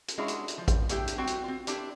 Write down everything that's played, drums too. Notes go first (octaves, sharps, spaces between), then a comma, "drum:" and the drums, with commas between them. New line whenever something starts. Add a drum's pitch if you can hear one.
drum: hi-hat
G#3 C#4 D4 E4 F#4
drum: hi-hat
drum: hi-hat
F3
drum: kick A1, hi-hat
A3 D4 E4 G4 G5, drum: hi-hat
drum: hi-hat
G3 C4 F#4 G5
drum: hi-hat
C4 F4
C4 D4 E4 G4, drum: hi-hat